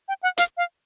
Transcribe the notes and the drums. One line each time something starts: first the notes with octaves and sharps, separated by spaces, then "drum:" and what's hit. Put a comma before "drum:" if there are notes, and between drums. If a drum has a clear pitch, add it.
G5
F#5
F5, drum: hi-hat
F5